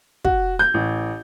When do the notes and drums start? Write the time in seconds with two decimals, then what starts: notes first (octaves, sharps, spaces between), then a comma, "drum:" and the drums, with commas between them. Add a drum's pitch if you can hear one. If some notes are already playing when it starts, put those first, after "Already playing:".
0.25 F#4, drum: kick
0.59 G6
0.74 A1